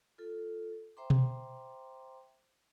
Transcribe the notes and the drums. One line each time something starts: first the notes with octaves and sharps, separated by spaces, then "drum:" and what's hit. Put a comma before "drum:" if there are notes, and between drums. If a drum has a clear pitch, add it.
F4 A4
C5 E5 G5 A#5 C6 D6
drum: tom B2